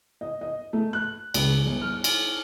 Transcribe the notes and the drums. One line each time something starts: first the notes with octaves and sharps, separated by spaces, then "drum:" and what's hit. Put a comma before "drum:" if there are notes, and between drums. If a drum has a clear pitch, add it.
D#5
D#5
A3
F#6
C#2, drum: cymbal
G1
F6
drum: cymbal